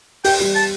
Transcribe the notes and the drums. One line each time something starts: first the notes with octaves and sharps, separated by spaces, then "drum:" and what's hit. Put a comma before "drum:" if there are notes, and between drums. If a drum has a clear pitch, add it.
G4 G5, drum: open hi-hat
G3
A5, drum: hi-hat